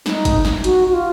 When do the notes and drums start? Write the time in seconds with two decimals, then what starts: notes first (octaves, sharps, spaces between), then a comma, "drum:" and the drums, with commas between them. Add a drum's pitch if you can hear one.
0.06 D#4, drum: snare
0.25 drum: kick, hi-hat
0.45 drum: snare
0.64 F#4, drum: hi-hat
0.88 F#4
0.93 F4